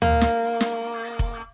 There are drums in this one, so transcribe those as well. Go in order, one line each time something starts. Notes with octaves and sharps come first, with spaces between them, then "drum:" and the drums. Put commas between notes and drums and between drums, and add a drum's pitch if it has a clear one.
A#3, drum: tom
drum: snare
drum: snare
drum: kick F1